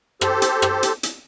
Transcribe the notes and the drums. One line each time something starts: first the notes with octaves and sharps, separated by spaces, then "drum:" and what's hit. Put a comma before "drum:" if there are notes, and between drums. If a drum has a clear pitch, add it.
G4 A4 C5, drum: rim click
drum: hi-hat
drum: rim click
drum: hi-hat
drum: hi-hat